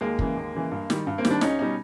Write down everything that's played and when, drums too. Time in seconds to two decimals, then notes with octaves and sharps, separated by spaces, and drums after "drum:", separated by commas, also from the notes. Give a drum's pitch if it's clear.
0.01 D#2 G#3 A#3
0.19 C#3 E3, drum: kick
0.36 D#2
0.54 C#3 E3
0.71 G2
0.90 D#3 G3, drum: snare
1.07 G2
1.18 A#3 C4
1.25 D#3 G3, drum: snare
1.30 C4 D4
1.41 C#2 C#4 D#4, drum: snare
1.59 B2 G3 C#4 D#4